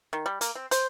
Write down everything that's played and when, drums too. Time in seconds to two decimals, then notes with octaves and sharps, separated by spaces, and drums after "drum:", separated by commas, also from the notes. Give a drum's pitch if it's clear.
0.13 D#3
0.26 G3
0.41 A#3, drum: hi-hat
0.55 C4
0.71 C5, drum: hi-hat